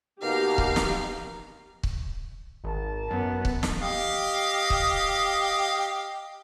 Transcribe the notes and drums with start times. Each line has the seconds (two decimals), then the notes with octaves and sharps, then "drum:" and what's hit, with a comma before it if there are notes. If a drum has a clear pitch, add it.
0.22 B2 A#3 D#4 G4 F5 A#5
0.58 drum: kick C#1
0.76 drum: snare
1.83 drum: kick C#1
2.64 G#1 A#4 A5
3.11 F#2 B3
3.45 drum: kick C#1
3.63 drum: snare
3.82 G4 D#5 F5
4.70 drum: kick C#1